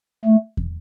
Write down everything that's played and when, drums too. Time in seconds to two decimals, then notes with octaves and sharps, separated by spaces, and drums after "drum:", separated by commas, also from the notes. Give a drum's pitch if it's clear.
0.25 A3
0.57 drum: kick